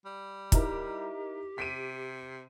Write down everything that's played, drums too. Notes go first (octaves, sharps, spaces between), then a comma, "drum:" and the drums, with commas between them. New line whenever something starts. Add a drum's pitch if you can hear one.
G3
D#4 E4 G4 A#4, drum: kick, hi-hat
C3 B6 D7 D#7